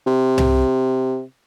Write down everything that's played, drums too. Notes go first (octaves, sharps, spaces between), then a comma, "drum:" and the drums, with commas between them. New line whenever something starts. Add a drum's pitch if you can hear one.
C3
drum: tom C2